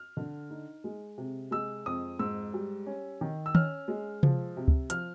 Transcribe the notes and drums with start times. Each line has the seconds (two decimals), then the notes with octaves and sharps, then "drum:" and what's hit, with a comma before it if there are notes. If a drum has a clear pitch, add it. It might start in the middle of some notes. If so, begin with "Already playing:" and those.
Already playing: F6
0.17 D3
0.50 D#4
0.84 G#3
1.18 C3
1.51 G#3 E6
1.86 F2 D#6
2.19 G#2 E6
2.54 G3
2.86 C#4
3.21 D#3
3.46 E6
3.55 C#4 F6, drum: tom D#3
3.88 G#3
4.23 F3, drum: tom C3
4.57 C3
4.68 drum: kick C#2
4.90 F3 F6, drum: hi-hat